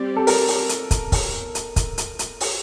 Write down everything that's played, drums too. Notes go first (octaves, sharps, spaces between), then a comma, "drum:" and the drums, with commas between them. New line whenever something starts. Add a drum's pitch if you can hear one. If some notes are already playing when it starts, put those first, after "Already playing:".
Already playing: G3 C4 G4 D5
A4
A#4, drum: open hi-hat
drum: open hi-hat
drum: hi-hat
drum: kick, hi-hat
drum: kick, open hi-hat
drum: hi-hat
drum: kick, hi-hat
drum: hi-hat
drum: hi-hat
drum: open hi-hat